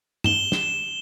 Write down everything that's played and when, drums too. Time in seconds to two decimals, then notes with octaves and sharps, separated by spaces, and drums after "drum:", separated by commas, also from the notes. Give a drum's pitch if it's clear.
0.24 E7 G7, drum: tom G2
0.52 drum: snare